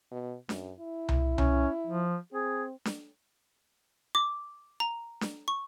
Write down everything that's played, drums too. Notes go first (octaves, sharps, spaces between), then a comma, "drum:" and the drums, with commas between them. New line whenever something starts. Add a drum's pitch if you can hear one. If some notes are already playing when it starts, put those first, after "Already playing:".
B2
F#2, drum: snare D4
E4
drum: tom C2
C#4, drum: tom C2
F3
C4 G#4
drum: snare D4
D6
A#5
drum: snare D4
C#6